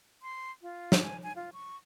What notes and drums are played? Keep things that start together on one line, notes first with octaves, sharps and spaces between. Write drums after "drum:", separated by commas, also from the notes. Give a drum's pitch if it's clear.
C6
F4
drum: snare
G#5
G#5
F4
C#6